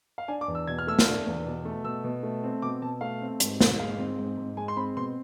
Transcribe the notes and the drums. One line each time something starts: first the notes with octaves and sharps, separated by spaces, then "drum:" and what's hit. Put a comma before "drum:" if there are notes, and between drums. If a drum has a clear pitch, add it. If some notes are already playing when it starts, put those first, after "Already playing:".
F5
D4 G#5
D6
E2
E6
B2 G#6
F6
A3 E6
F6, drum: snare
D4
E2
B2
A3
B2 E6
B2
A3
C4
B2 D6
B2 A5
A3 F5
C4
G#2, drum: hi-hat
G#2, drum: snare
G#3 F5
C4
G#2
G#2
G#3 G#5
C6
C4 B5
B2 C6